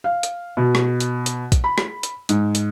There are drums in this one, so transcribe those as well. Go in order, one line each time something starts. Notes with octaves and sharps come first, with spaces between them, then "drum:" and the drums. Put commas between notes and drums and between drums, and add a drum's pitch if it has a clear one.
F5
drum: hi-hat
B2
drum: rim click
drum: hi-hat
drum: hi-hat
drum: kick A#1, hi-hat
B5
drum: rim click
drum: hi-hat
G#2, drum: hi-hat
drum: hi-hat